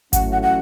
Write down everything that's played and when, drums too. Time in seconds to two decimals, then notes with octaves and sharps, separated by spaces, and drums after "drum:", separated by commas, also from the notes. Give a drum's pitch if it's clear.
0.13 A1 A2 F#3 A3 C#4 F#5, drum: kick G#1, hi-hat
0.32 F#5
0.43 F#5